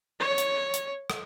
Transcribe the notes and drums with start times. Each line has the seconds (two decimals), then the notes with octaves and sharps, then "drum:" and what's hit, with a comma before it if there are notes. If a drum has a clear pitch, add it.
0.20 C#5
0.38 drum: hi-hat
0.74 drum: hi-hat
1.10 drum: rim click